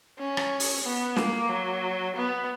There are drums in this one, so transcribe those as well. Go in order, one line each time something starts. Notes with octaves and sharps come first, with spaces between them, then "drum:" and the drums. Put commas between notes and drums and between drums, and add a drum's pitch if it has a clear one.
C#4
drum: rim click
drum: open hi-hat
B3
A#3, drum: snare
F#3
B3